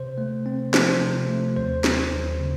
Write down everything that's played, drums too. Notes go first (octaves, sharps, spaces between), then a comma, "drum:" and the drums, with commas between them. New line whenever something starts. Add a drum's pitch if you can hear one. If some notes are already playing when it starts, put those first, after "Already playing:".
Already playing: C3 C5
A3
C4
F3 C5, drum: snare
C3
A3
D#2 C5
F#3, drum: snare
D#2
C#3